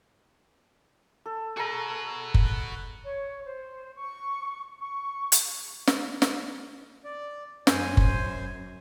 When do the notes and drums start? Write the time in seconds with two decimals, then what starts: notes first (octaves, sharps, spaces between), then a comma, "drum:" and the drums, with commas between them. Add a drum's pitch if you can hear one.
1.26 A4
1.57 F#4 G#4 A4 B4 A#5
2.34 drum: kick F#1
3.03 C#5
3.45 C5
3.97 C#6
4.80 C#6
5.32 drum: hi-hat
5.87 drum: snare
6.22 drum: snare
7.04 D5
7.67 F#2 C5 G#5, drum: snare
7.97 drum: kick F#1